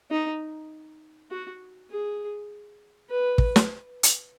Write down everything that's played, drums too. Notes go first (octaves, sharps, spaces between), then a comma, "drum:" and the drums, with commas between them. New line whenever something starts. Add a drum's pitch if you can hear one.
D#4
F#4
G#4
B4
drum: kick
drum: snare
drum: hi-hat